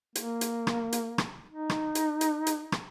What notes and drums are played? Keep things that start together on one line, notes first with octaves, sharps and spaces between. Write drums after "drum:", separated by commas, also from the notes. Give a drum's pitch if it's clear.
A#3, drum: hi-hat
drum: hi-hat
drum: rim click
drum: hi-hat
drum: rim click
D#4
drum: rim click
drum: hi-hat
drum: hi-hat
drum: hi-hat
drum: rim click